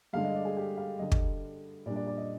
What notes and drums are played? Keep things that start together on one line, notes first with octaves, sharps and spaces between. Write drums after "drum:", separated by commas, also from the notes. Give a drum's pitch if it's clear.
G2 D3 G#3 D4 F5
D#5
D5
G#4
G4
F5
G2 D3 G3 D#5
drum: kick
A#2 G3 D4 D5
D5
D5
D#5